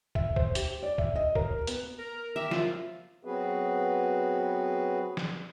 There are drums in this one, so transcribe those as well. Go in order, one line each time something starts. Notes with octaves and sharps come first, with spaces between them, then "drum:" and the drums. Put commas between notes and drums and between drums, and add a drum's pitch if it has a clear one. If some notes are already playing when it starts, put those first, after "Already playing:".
E5, drum: kick
C5, drum: kick
G4, drum: hi-hat
D5
E5, drum: kick
D#5
A#4, drum: kick
B3, drum: hi-hat
A#4
G4 A#4 E5
F#2 F3 F4, drum: snare
F#3 B3 C4 F#4 G#4 B4
drum: snare